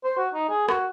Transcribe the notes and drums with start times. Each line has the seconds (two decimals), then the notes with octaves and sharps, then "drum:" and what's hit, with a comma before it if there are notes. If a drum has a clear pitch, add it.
0.04 C5
0.18 F#4
0.34 D#4
0.49 G#4
0.69 F#4, drum: rim click